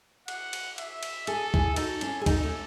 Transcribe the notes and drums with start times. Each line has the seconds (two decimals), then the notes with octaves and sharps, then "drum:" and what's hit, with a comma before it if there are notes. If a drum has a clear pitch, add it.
0.28 F#5, drum: cymbal
0.53 drum: cymbal
0.78 E5, drum: cymbal
1.03 drum: cymbal
1.27 G#4 A4, drum: cymbal
1.54 E4 G#4, drum: kick C2
1.76 D#4 F#4 A4, drum: cymbal
2.01 C#4 E4, drum: cymbal
2.21 G#4
2.26 D#4 F#4 A4, drum: kick C2, cymbal
2.43 A3 C#4